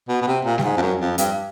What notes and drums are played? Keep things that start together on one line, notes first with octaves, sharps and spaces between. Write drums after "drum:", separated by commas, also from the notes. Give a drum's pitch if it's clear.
B2
B2
C3
A#2
G2, drum: snare
G#2
F2
F#2
F2
G2, drum: hi-hat